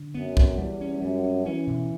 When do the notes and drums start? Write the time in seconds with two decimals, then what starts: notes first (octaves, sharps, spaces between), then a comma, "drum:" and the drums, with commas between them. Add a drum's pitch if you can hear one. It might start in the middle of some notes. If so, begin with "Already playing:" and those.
Already playing: D3
0.15 F#2 B3
0.37 B3, drum: kick B1
0.58 E2 G3
0.81 C#4
1.02 F#2 G3
1.24 C#4
1.46 E3 C#4
1.67 B2